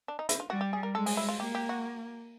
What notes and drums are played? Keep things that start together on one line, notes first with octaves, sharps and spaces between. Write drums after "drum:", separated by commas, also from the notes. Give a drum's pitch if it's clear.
D4
D#4
E4, drum: hi-hat
F4
G3 F#4
G4
G#4
A#4
G#3 A4
G#4, drum: open hi-hat
E4
F4
A#3 G4
G4
F#4